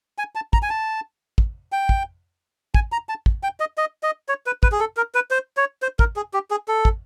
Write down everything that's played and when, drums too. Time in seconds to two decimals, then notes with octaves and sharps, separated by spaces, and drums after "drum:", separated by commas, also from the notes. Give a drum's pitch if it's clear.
0.18 G#5
0.35 A5
0.53 A#5, drum: kick
0.62 G#5
0.70 A5
1.38 drum: kick
1.72 G5
1.89 drum: kick
2.74 G#5, drum: kick
2.92 A#5
3.09 A5
3.26 drum: kick
3.43 G5
3.60 D#5
3.78 D#5
4.03 D#5
4.28 C#5
4.46 B4
4.63 B4, drum: kick
4.72 G#4
4.80 A4
4.97 A#4
5.15 B4
5.31 C5
5.57 C#5
5.82 C5
5.99 A#4, drum: kick
6.16 G#4
6.34 G4
6.51 G#4
6.68 A4
6.85 drum: kick